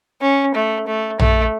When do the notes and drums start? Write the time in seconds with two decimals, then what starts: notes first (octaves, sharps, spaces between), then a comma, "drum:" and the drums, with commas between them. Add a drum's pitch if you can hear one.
0.22 C#4
0.55 A3
0.87 A3
1.19 A3, drum: tom A#1